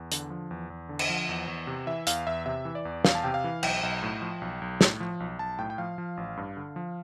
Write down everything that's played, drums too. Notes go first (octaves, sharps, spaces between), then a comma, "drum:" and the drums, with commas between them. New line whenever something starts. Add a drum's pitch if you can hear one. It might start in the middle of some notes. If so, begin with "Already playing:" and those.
Already playing: E2
D3, drum: hi-hat
F3
E2
E2
D3
drum: cymbal
F3
E2
E2
C3
E3 E5
E2 F5, drum: hi-hat
E2 E5
C3 E5
E3
D5
E2
E2 F5, drum: snare
A5
C3 G5
F5
E3
B1 G5, drum: cymbal
B1
A2
F3
B1
B1
A2, drum: snare
F3
B1
B1 A5
A2 G5
G5
F3 F5
F3
A1
G2
D3
F3